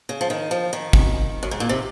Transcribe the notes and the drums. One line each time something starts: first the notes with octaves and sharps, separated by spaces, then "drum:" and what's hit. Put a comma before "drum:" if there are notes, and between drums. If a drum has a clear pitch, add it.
C#3
F3
D#3
F3
D#3
drum: kick
F#2
G#2
A#2
C3